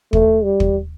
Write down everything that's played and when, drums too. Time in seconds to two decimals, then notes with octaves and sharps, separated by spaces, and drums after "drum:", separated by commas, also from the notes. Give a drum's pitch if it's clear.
0.13 A3, drum: kick
0.44 G3
0.60 drum: kick